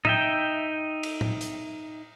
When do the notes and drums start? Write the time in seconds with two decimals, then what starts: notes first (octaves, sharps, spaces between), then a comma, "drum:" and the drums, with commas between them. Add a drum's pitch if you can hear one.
0.05 D#4 E5 G5, drum: tom A2
1.03 drum: cymbal
1.21 drum: tom A2
1.41 drum: hi-hat